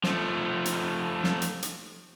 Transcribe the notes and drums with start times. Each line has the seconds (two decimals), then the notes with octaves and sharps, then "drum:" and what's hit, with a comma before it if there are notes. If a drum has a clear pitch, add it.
0.04 F3 A3, drum: snare
0.66 drum: hi-hat
1.24 drum: snare
1.42 drum: hi-hat
1.62 drum: hi-hat